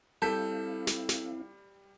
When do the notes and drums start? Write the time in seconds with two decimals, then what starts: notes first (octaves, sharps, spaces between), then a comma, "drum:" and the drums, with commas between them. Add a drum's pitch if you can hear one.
0.22 G3 C4 E4 A4 F5 A5 G6 B6
0.87 drum: snare
1.09 drum: snare